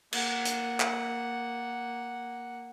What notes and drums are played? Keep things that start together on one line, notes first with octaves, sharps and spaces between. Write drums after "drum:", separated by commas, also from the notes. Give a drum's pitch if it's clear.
A#3 F#5, drum: cymbal
drum: hi-hat
drum: clap